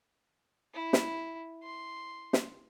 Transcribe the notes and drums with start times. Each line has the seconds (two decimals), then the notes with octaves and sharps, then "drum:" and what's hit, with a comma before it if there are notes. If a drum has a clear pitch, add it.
0.74 E4
0.93 drum: snare
1.63 C6
2.33 drum: snare